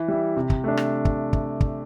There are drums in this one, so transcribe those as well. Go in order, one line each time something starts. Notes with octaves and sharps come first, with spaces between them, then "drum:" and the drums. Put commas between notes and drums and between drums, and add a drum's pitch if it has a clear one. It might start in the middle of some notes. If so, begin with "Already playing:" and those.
Already playing: E3
G3 E4
C3
drum: kick
A3 D4
drum: rim click
drum: kick
drum: kick
drum: kick